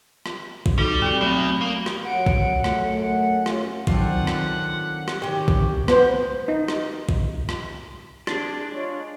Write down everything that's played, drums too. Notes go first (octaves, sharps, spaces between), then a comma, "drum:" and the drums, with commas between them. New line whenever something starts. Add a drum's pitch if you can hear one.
drum: rim click
drum: kick
G3 D#4 F#4 A4
C4 F#4
B2 F#3 A3 C4
A#3
drum: rim click
F#2 F#5 D7
drum: kick
A3, drum: rim click
C#3 F4, drum: rim click
D#3 F#3 A3 C4 D4 F4 F#5, drum: kick
drum: rim click
drum: rim click
C3 D#3 C#4 G4 G5
drum: kick
B3 C5, drum: rim click
D#4
drum: rim click
drum: kick
drum: rim click
D4 G#4 D5, drum: rim click
G#3 F4 C#5